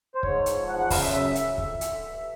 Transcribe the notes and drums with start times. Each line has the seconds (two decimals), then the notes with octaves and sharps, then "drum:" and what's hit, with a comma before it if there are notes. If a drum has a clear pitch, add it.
0.15 C5
0.23 G#2 C#5, drum: kick
0.46 F3, drum: hi-hat
0.68 E2 F#5
0.79 F#5
0.90 C#3 F5, drum: kick, open hi-hat
1.02 E5
1.13 F#2 E5
1.35 C#3, drum: hi-hat
1.58 F2, drum: kick
1.81 D3, drum: hi-hat
2.03 G2